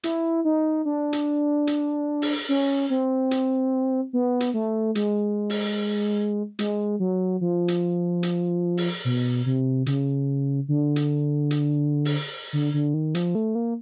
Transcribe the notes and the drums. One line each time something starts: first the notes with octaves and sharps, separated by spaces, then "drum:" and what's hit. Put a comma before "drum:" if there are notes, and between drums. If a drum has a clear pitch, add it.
E4, drum: hi-hat
D#4
D4
drum: hi-hat
drum: hi-hat
drum: open hi-hat
C#4
C4
drum: hi-hat
B3
drum: hi-hat
A3
G#3, drum: hi-hat
drum: open hi-hat
G#3, drum: hi-hat
F#3
F3
drum: hi-hat
drum: hi-hat
drum: open hi-hat
B2
C3
C#3, drum: hi-hat
D3
drum: hi-hat
drum: hi-hat
drum: open hi-hat
D3
D3
D#3
F3, drum: hi-hat
A3
A#3